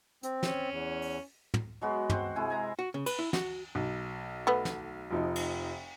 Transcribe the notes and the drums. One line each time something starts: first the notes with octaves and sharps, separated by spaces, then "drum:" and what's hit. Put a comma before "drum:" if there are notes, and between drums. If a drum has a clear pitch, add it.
C4, drum: hi-hat
C#4, drum: snare
E2
drum: open hi-hat
drum: tom
F#3 G#3 B3 F#4
C4 C5 F#5, drum: tom
C3 G#3 E4 G#5
G#5 A#5
F#4
C#3
B4, drum: cymbal
E4
F#4, drum: snare
B1
A3 B3
drum: snare
F1 F3 D#4
drum: cymbal